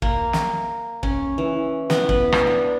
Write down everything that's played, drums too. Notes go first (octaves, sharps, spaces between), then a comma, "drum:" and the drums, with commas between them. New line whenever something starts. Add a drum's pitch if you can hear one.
A#3, drum: kick
drum: snare
C#4, drum: kick
E3
B3, drum: snare
B4, drum: kick
drum: rim click
D4